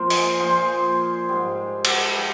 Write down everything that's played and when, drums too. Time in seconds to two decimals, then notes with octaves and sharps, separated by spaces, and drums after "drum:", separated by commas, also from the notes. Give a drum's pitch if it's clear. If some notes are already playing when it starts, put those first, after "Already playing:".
Already playing: A#2 F3 A#4 C5
0.10 G#4, drum: open hi-hat
0.40 A#2 F3 C5
1.29 G#2 G3
1.85 drum: cymbal
2.18 G3